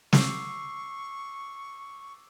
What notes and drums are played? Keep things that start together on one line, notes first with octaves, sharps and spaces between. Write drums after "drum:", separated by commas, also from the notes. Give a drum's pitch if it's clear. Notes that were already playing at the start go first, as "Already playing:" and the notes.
C#6 D6 E6 C7, drum: snare